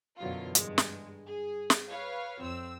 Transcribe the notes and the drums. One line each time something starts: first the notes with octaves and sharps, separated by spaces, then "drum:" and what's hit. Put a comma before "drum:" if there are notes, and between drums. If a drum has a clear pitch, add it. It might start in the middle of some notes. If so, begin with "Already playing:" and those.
F#2 B2 D3 E3 F#3 F4
G2 G#3, drum: hi-hat
drum: snare
G#4
drum: snare
B4 C#5 F5
F2 C4 E6